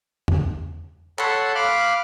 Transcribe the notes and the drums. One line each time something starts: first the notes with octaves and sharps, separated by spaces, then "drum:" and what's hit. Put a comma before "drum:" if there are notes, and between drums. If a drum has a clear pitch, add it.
drum: tom E2
A4 C#5 F#5 A5 B5 C6, drum: clap
F5 B5 D6 F6 F#6